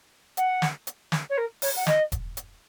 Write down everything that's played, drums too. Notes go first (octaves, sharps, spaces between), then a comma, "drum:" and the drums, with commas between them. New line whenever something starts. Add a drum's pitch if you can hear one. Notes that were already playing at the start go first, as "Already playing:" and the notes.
F#5, drum: hi-hat
drum: snare
drum: hi-hat
drum: snare
C#5
A#4
C#5, drum: open hi-hat
F#5
D#5, drum: snare
drum: kick E1, hi-hat
drum: hi-hat